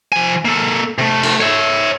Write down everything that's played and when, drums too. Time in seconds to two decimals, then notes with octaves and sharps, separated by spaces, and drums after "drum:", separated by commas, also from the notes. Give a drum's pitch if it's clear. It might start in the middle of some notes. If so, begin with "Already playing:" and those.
0.12 F3 G#5
0.45 A#3 A4
0.98 C3 A3
1.23 drum: cymbal
1.41 C#5 E5